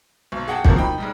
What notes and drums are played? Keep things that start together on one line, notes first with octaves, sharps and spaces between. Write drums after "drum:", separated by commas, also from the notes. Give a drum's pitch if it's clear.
B1
G#4 F#5 G5 A5
B2 F3 A#3 C4, drum: kick
D#4 G5 B5
G#2 G3 G#3